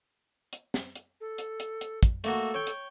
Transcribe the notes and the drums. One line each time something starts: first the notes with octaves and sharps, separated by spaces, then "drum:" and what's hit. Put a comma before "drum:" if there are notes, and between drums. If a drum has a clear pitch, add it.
drum: hi-hat
drum: snare
drum: hi-hat
A4
drum: hi-hat
drum: hi-hat
drum: hi-hat
drum: kick, hi-hat
A3 A#3 F#4 A4, drum: hi-hat
C#5 G5
drum: hi-hat